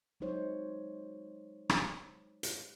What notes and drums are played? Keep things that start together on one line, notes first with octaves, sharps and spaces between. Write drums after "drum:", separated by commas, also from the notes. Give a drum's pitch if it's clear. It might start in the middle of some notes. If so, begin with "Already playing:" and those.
F#3 G#3 D#4 C5 C#5
drum: rim click
drum: hi-hat